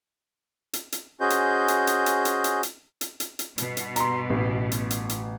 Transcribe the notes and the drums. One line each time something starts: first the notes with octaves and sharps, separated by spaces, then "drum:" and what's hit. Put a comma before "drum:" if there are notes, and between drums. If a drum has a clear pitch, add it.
drum: hi-hat
drum: hi-hat
C#4 F#4 G#4 C5 D#5 G6
drum: hi-hat
drum: hi-hat
drum: hi-hat
drum: hi-hat
drum: hi-hat
drum: hi-hat
drum: hi-hat
drum: hi-hat
drum: hi-hat
drum: hi-hat
G2 B2, drum: hi-hat
drum: hi-hat
A#5 C6, drum: hi-hat
A1
drum: hi-hat
drum: hi-hat
drum: hi-hat